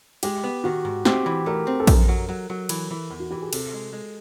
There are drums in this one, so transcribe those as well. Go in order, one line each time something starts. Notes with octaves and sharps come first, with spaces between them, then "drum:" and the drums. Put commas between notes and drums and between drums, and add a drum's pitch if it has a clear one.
G#3 G4, drum: cymbal
B3
D#3 F#4
G#2
C4 G4, drum: snare
E3
A3 A#4
C4
A4
F#2 A#4, drum: kick A#1, cymbal
F#3
F#3
F#3
E3, drum: cymbal
E3
E2
F#4
E3 G4
G#4
C3 A4, drum: cymbal
G#3
G#3